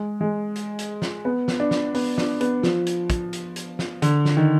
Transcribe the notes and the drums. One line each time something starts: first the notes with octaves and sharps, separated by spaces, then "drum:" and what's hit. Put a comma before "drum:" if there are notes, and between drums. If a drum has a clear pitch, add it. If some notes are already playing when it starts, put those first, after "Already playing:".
Already playing: G#3
G#3
drum: hi-hat
drum: hi-hat
drum: snare
B3
drum: snare
D4
drum: snare
B3, drum: open hi-hat
D4, drum: snare
B3, drum: hi-hat
F3, drum: snare
drum: hi-hat
drum: kick, hi-hat
drum: hi-hat
drum: hi-hat
drum: snare
D3, drum: hi-hat
drum: snare
D#3